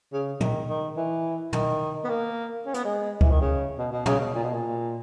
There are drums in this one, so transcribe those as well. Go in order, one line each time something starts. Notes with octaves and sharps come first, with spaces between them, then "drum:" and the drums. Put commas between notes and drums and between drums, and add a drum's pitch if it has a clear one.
C#3
D#3, drum: tom
D#3
E3
D#3, drum: tom
B3
A#3
C#4
B3, drum: hi-hat
G#3
E3, drum: kick C#2
D#3
C#3
B2
B2
C#3, drum: tom
B2
A#2
B2
A#2